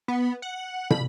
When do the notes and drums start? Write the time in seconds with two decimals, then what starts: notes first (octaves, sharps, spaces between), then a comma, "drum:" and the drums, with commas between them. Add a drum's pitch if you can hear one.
0.08 B3
0.42 F#5
0.90 B5, drum: tom